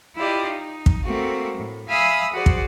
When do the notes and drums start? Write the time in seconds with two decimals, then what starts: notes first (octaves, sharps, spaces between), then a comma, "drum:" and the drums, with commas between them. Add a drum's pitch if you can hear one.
0.16 E4 F4 G4 D5 D#5
0.45 D#4
0.86 drum: kick
1.03 A3 A#3 C4 F#4
1.56 A2
1.88 E5 F5 G#5 B5 D#6 E6
2.33 F#4 G#4 C5 D5
2.46 drum: kick